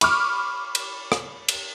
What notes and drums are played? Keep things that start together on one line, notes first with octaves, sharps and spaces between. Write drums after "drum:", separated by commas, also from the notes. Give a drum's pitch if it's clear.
B5 C#6 D6 F6, drum: cymbal
drum: cymbal
drum: rim click
drum: cymbal